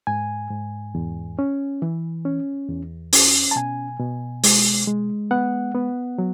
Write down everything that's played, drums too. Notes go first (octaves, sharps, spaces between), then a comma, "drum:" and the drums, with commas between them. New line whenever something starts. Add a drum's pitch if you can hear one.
G#2 G#5
G#2
E2
C#4
E3
C#4
E2
C#4, drum: open hi-hat
A5
B2 G#5
B2
G#3, drum: open hi-hat
G#3
B3 F#5
B3
F#3